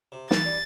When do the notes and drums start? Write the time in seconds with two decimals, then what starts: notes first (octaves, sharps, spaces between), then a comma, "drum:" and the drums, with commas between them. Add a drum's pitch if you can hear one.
0.12 C3
0.31 E3 A6, drum: snare
0.46 G3